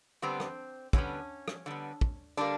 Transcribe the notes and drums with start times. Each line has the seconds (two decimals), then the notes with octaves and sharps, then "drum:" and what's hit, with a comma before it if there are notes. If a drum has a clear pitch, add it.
0.22 D3 G3 B3 C4
0.40 drum: rim click
0.93 D3 G3 B3 C#4, drum: kick
1.48 drum: rim click
1.66 D3 G3 B3
2.01 drum: kick
2.37 D3 G3 A#3 D4